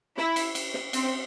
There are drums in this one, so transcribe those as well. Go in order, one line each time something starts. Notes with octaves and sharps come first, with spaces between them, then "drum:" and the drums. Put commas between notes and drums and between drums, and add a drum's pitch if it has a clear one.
E4, drum: snare
drum: cymbal
drum: cymbal
drum: snare
C4, drum: cymbal